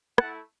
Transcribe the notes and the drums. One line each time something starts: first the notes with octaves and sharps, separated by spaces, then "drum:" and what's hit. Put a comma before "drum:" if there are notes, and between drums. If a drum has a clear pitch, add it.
A3 E4 F#5 A5, drum: rim click